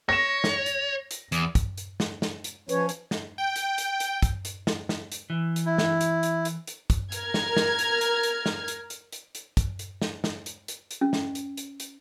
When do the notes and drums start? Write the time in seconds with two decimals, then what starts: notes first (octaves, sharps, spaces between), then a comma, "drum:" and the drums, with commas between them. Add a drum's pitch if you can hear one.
0.09 C#5 A#6 E7
0.44 drum: snare
0.66 drum: hi-hat
1.11 drum: hi-hat
1.32 E2, drum: hi-hat
1.55 drum: kick, hi-hat
1.78 drum: hi-hat
2.00 drum: snare
2.22 drum: snare
2.44 drum: hi-hat
2.69 F3 C#4 B4 C#5, drum: hi-hat
2.89 drum: hi-hat
3.11 drum: snare
3.38 G5
3.56 drum: hi-hat
3.78 drum: hi-hat
4.00 drum: hi-hat
4.22 drum: kick, hi-hat
4.45 drum: hi-hat
4.67 drum: snare
4.89 drum: snare
5.12 drum: hi-hat
5.30 E3
5.56 drum: hi-hat
5.66 E4
5.78 drum: snare
6.01 drum: hi-hat
6.23 drum: hi-hat
6.45 drum: hi-hat
6.67 drum: hi-hat
6.90 drum: kick, hi-hat
7.12 A#4 F6 G#6, drum: hi-hat
7.34 drum: snare
7.57 drum: snare
7.79 drum: hi-hat
8.01 drum: hi-hat
8.23 drum: hi-hat
8.46 drum: snare
8.68 drum: hi-hat
8.90 drum: hi-hat
9.12 drum: hi-hat
9.35 drum: hi-hat
9.57 drum: kick, hi-hat
9.79 drum: hi-hat
10.02 drum: snare
10.24 drum: snare
10.46 drum: hi-hat
10.68 drum: hi-hat
10.91 drum: hi-hat
11.01 C#4
11.13 drum: snare
11.35 drum: hi-hat
11.57 drum: hi-hat
11.80 drum: hi-hat